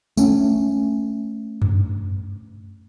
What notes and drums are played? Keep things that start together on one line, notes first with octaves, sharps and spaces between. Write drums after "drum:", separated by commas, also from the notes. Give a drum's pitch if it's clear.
A3 C#4, drum: tambourine
drum: tom F#2